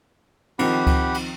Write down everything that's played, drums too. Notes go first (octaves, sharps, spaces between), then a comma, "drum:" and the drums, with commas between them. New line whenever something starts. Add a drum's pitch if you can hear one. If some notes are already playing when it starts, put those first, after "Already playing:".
D#3 F3 C4 G4 F#5 B5, drum: cymbal
drum: kick C#2, cymbal
drum: cymbal